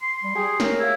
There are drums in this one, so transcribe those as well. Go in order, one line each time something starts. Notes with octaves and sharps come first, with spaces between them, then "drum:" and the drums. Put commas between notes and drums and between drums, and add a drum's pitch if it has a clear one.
C6
G3
G4 G#4 G5 G#5
A#4 C#5, drum: snare
E4 G#4 F5